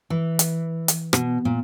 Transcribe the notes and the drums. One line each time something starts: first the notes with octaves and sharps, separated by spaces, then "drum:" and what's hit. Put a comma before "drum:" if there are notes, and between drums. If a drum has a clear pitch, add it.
E3
drum: hi-hat
drum: hi-hat
B2, drum: rim click
A#2